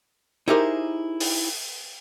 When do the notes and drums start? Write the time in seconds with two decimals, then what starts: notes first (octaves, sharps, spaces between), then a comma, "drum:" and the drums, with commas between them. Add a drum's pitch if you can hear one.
0.48 D#4 E4 G4 G#4 A#4 C5
1.20 drum: open hi-hat